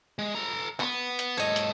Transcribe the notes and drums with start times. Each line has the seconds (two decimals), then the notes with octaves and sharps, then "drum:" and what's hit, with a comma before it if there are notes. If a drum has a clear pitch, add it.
0.19 G#3
0.35 A4 A#5
0.80 B3, drum: clap
1.19 drum: hi-hat
1.37 G#2 A4 C#5 D#5
1.56 drum: hi-hat